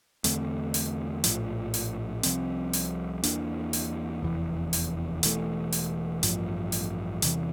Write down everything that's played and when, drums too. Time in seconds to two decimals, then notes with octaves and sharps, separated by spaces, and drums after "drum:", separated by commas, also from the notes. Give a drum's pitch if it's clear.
0.24 E2 D3 A3 C4, drum: hi-hat
0.74 drum: open hi-hat
1.24 A#1 A2 F3, drum: hi-hat
1.74 drum: open hi-hat
2.23 C2 C3 F3 C4, drum: hi-hat
2.73 drum: open hi-hat
3.23 E2 E3 A#3 D4, drum: hi-hat
3.73 drum: open hi-hat
4.23 F1 E2 E3
4.73 drum: open hi-hat
5.23 E1 E2 E3 A3, drum: hi-hat
5.72 drum: open hi-hat
6.23 A1 G2 F3, drum: hi-hat
6.72 drum: open hi-hat
7.22 E2 C3 E3, drum: hi-hat